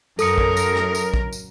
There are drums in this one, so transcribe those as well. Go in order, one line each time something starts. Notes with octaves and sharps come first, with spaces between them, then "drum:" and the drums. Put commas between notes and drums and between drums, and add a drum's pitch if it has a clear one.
F#2 A4 A#4 D#6 C#7, drum: tambourine
drum: kick A#1
drum: tambourine
drum: rim click
drum: tambourine
drum: kick A#1
drum: tambourine